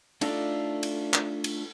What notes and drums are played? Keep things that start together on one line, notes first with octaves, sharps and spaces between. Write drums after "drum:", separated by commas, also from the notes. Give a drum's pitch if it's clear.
A3 D4 D#4 F4 A4 D5, drum: cymbal
drum: cymbal
drum: clap
drum: cymbal